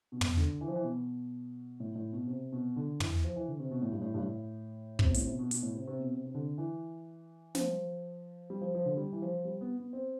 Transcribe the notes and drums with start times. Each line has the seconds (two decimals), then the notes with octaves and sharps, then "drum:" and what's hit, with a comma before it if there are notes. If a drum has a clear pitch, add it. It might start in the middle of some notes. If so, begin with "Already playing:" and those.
0.12 B2
0.21 drum: tom
0.37 D3
0.61 E3
0.68 F3
0.76 E3
0.84 B2
1.80 A2
1.95 A2
2.13 B2
2.27 C3
2.52 B2
2.76 D3
3.00 E3, drum: tom
3.24 F3
3.36 E3
3.48 D3
3.59 C3
3.71 B2
3.82 A2
3.91 G2
4.02 A2
4.14 G2
4.20 A2
4.99 C3, drum: kick
5.06 B2
5.14 A2, drum: hi-hat
5.21 C3
5.27 B2
5.39 B2
5.51 B2, drum: hi-hat
5.63 A2
5.75 C3
5.87 C3
5.99 B2
6.11 C3
6.26 C3
6.35 D3
6.58 E3
7.55 F3, drum: snare
8.50 G3
8.61 F3
8.74 F3
8.85 D3
8.97 G3
9.13 E3
9.22 F3
9.45 G3
9.61 B3
9.78 B3
9.93 C4